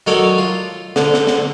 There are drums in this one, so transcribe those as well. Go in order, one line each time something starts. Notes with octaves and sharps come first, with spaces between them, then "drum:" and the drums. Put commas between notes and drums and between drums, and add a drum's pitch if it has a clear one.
D#3 F#3 A4 A#4 C#5 D5
F4
D3, drum: snare
drum: snare
drum: snare